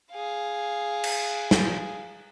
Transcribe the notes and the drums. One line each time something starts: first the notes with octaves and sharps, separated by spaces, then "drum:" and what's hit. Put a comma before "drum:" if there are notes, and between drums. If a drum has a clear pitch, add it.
G#4 F5
drum: cymbal
drum: snare